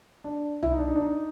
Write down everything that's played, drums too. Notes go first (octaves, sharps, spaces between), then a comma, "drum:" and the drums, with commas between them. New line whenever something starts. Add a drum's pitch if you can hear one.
D4
E4, drum: tom C2
D#4
D4
D#4
D4
D#4